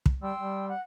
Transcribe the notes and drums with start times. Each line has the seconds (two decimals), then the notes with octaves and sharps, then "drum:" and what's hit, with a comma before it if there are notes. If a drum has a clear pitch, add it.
0.06 drum: kick
0.23 G3 G5 C6 E6
0.38 G3
0.69 F#5